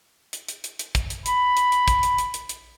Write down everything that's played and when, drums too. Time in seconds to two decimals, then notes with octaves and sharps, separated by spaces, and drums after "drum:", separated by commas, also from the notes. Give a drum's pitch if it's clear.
0.33 drum: hi-hat
0.48 drum: hi-hat
0.64 drum: hi-hat
0.79 drum: hi-hat
0.95 drum: kick, hi-hat
1.10 drum: hi-hat
1.26 B5, drum: hi-hat
1.57 drum: hi-hat
1.72 drum: hi-hat
1.88 drum: kick, hi-hat
2.03 drum: hi-hat
2.18 drum: hi-hat
2.34 drum: hi-hat
2.49 drum: hi-hat